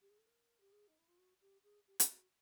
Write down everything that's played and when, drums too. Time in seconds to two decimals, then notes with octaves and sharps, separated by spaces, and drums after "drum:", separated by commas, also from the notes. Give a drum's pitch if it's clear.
0.01 G4
0.09 G#4
0.18 A4
0.26 A#4
0.60 G4
0.71 G#4
0.87 D#4
0.98 E4
1.07 F4
1.17 F#4
1.41 G4
1.63 G#4
1.87 G4
2.00 G4, drum: hi-hat
2.09 F#4